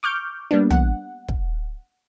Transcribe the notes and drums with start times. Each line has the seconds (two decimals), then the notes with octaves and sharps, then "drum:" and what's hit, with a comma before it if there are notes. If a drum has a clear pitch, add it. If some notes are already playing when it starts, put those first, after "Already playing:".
0.03 C#6 D6 F6 G6
0.51 G3 A#3 B3 D4
0.70 F#5, drum: tom
1.28 drum: kick